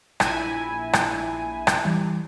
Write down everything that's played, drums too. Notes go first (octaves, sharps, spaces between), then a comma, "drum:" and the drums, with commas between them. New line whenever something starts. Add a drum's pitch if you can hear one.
A#1 E4 G#5 A#6 B6, drum: rim click
drum: rim click
drum: rim click
E3 G3